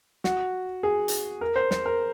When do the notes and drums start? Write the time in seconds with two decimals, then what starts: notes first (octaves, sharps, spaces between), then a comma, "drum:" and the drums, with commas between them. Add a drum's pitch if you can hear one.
0.24 F#4, drum: snare
0.83 G#4
1.08 drum: hi-hat
1.41 A#4
1.56 C5
1.71 C5, drum: snare
1.86 A#4